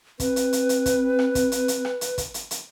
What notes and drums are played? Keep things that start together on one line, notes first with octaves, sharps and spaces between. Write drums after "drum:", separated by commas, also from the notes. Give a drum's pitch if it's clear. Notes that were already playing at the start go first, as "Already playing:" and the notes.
C4 B4, drum: kick, hi-hat
drum: hi-hat
drum: hi-hat
drum: hi-hat
drum: kick, hi-hat
drum: rim click
drum: kick, hi-hat
drum: hi-hat
drum: hi-hat
drum: rim click
drum: hi-hat
drum: kick, hi-hat
drum: hi-hat
drum: hi-hat